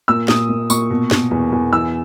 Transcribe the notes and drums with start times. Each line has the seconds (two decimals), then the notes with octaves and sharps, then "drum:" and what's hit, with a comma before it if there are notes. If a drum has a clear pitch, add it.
0.08 A#2 E6
0.28 A#2 D#6, drum: snare
0.49 A#2
0.70 A#2 C#6, drum: tambourine
0.90 B2
1.11 B2, drum: snare
1.31 E2
1.52 E2
1.73 E3 E6